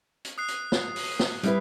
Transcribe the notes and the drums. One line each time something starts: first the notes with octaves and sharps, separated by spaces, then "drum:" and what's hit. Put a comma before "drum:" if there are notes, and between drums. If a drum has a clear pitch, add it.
drum: hi-hat
D#6 F#6 C7
drum: hi-hat
drum: snare
drum: open hi-hat
drum: snare
G3 E4 B4, drum: hi-hat